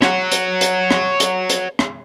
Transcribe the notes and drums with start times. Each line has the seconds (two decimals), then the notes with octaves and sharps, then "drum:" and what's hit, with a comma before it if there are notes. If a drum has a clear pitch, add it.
0.02 C#5 F#5, drum: rim click
0.32 drum: hi-hat
0.61 drum: hi-hat
0.91 drum: rim click
1.20 drum: hi-hat
1.50 drum: hi-hat
1.79 drum: rim click